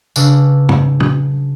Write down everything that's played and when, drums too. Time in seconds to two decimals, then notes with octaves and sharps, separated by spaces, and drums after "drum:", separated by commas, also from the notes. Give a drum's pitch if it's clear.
0.16 C#3 D4 B4 E6, drum: tambourine
0.69 drum: tom
1.00 drum: tom